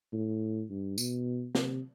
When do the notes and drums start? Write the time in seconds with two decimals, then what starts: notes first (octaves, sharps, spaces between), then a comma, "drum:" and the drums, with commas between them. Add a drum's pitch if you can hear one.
0.13 A2
0.70 G2
0.98 B2, drum: tambourine
1.55 C3, drum: snare